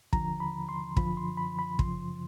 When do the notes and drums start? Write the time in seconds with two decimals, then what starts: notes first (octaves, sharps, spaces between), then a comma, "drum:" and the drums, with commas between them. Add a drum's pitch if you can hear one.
0.13 D#2 D3 F3 A#5, drum: kick
0.40 B5
0.69 C6
0.97 F#2 D3 F3 B5, drum: kick
1.17 C6
1.37 B5
1.59 B5
1.79 F#2 C#3 F3 C6, drum: kick